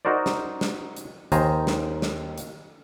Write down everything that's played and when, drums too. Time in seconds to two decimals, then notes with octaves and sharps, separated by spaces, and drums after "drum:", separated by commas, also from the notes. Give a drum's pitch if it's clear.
0.05 D#4 F#4 A#4 C5 D5
0.26 drum: snare
0.61 drum: snare
0.96 drum: hi-hat
1.32 D#2 D#3 C5 G#5 A#5, drum: hi-hat
1.67 drum: snare
2.02 drum: snare
2.38 drum: hi-hat